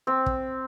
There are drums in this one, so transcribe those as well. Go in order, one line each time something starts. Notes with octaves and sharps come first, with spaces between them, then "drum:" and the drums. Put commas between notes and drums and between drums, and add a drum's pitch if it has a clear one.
C4
drum: kick